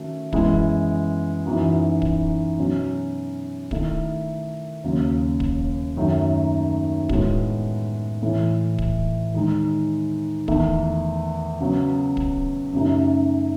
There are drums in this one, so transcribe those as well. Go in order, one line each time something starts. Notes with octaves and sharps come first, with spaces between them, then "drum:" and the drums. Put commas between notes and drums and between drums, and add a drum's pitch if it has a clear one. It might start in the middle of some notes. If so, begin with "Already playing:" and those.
Already playing: D#3 A3 C#4 F#4
F#2 E3 G#3 B3 E4, drum: kick
F#2 E3 B3 D#4 F#4
drum: kick
B2 F#3 C#4
D#3 A3 E4, drum: kick
D#2 C#3 F#3
drum: kick
F#2 D#3 F#3 A3 D#4
A2 G#3 B3 F#4, drum: kick
A2 E3 A3
drum: kick
D#3 G#3 D#4
E2 D#3 A3, drum: kick
C#3 F#3 B3
drum: kick
F#2 C#3 F#3 A3 D#4